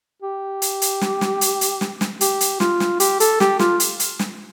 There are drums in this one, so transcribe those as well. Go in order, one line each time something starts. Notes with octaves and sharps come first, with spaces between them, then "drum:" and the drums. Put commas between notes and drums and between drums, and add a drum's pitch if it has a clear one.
G4
drum: hi-hat
drum: hi-hat
drum: snare
drum: snare
drum: hi-hat
drum: hi-hat
drum: snare
drum: snare
G4, drum: hi-hat
drum: hi-hat
F4, drum: snare
drum: snare
G4, drum: hi-hat
A4, drum: hi-hat
G4, drum: snare
F4, drum: snare
drum: hi-hat
drum: hi-hat
drum: snare